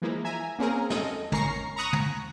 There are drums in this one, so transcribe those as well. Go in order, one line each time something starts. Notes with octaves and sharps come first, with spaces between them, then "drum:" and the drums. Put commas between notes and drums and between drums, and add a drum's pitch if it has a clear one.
E3 F3 G#3 A#3 E4
E5 G#5 A#5
A#3 C4 C#4 G#4 A#4
A4 D#5, drum: snare
G#1 C#4 A#4 A#5 C#6 C7, drum: tom
A#5 B5 C#6 D#6 F#6
drum: tom